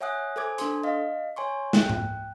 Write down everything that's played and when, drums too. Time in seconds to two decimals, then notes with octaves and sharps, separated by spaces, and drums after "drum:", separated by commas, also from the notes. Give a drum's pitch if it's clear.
0.01 C#5 E5 F#5 G#5 D#6 F#6
0.36 A4 C5 G#5 D6 G#6
0.58 D4 A4 C6, drum: hi-hat
0.84 D#5 F5
1.36 C#5 G#5 C6 C#6
1.73 G5 F#6, drum: snare
1.89 drum: tom G#2